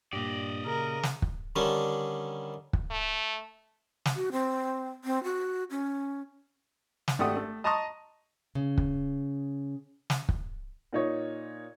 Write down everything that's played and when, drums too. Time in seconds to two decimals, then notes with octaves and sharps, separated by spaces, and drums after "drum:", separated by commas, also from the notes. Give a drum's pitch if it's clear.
0.13 G2 A#2 G4 D5 D#5
0.66 C#3 A#4
1.03 drum: snare
1.22 drum: kick
1.56 D3 D#3 G3 C#4 D4
2.73 drum: kick
2.90 A3
4.06 drum: snare
4.15 F#4
4.32 C4
5.04 C4
5.24 F#4
5.70 C#4
7.08 drum: snare
7.19 G#1 A3 G4 D5 F#5 D#6
7.36 A3
7.64 D#5 A5 A#5 C6 C#6 D#6
8.55 C#3
8.78 drum: kick
10.10 drum: snare
10.29 drum: kick
10.93 A#2 D#4 C#5